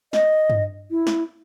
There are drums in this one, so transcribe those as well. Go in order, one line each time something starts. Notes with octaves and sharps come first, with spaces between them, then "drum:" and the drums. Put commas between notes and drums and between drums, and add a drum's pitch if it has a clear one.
D#5, drum: snare
drum: tom G2
E4
drum: snare